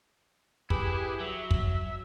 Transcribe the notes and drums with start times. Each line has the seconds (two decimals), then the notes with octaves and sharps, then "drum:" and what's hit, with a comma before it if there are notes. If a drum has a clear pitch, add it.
0.70 E4 G4 G#4 B4, drum: kick
1.20 F#3 E5
1.51 drum: kick